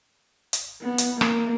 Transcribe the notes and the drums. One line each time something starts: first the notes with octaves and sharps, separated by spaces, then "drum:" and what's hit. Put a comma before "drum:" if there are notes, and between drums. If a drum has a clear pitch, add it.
drum: hi-hat
B3
drum: hi-hat
A#3, drum: rim click